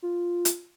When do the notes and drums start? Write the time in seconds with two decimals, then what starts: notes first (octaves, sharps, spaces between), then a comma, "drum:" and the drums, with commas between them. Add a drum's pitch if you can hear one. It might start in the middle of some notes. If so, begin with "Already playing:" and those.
0.02 F4
0.45 drum: hi-hat